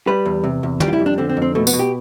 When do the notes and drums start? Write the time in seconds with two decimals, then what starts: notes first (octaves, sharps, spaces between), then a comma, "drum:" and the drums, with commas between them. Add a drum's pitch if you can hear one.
0.07 G3 B4
0.25 E2
0.44 C3
0.63 E2
0.80 G3 G4, drum: tom
0.88 F4
0.93 E4
0.99 F2
1.06 D4
1.18 D3 C4
1.29 C4
1.37 F2
1.42 C4
1.55 B2 A3
1.67 B3, drum: tambourine
1.73 B2
1.79 G4